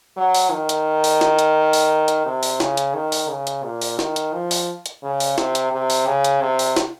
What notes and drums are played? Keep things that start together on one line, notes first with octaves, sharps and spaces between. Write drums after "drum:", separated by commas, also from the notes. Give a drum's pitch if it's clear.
F#3
drum: open hi-hat
D#3
drum: hi-hat
drum: open hi-hat
drum: snare
drum: hi-hat
drum: open hi-hat
drum: hi-hat
C3
drum: open hi-hat
C#3, drum: snare
drum: hi-hat
D#3
drum: open hi-hat
C#3
drum: hi-hat
A#2
drum: open hi-hat
D#3, drum: snare
drum: hi-hat
F3
drum: open hi-hat
drum: hi-hat
C#3
drum: open hi-hat
C3, drum: snare
drum: hi-hat
C3
drum: open hi-hat
C#3
drum: hi-hat
C3
drum: open hi-hat
drum: snare